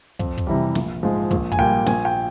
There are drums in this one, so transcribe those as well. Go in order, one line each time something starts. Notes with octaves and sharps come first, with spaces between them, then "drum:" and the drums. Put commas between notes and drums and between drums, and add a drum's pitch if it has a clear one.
F2, drum: kick
drum: kick
C3 E3 G3
A#1, drum: snare
G#2 F3 G#3
A#1, drum: kick
G#5, drum: kick
A#2 G3 G5
A#1 G#5, drum: snare
G5